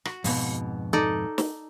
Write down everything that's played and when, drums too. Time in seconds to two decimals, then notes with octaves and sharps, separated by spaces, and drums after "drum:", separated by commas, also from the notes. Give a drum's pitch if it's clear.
0.05 F#4, drum: rim click
0.24 F2 G#2 B2, drum: open hi-hat
0.93 D#4 A4 D5
1.38 drum: snare